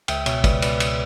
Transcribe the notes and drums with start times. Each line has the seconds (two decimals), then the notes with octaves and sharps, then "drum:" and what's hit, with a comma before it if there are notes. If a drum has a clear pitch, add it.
0.08 C#2 E5 G5, drum: cymbal
0.26 B2 C#5 E5, drum: cymbal
0.44 C#2 B4 D5, drum: kick, cymbal
0.62 B2 B4 D5, drum: cymbal
0.80 drum: cymbal